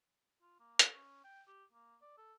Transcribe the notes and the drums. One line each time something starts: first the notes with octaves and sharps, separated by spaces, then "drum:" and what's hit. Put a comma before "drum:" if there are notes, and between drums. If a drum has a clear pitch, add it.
F4
A#3
drum: hi-hat
C#4
G5
G4
A#3
D5
A4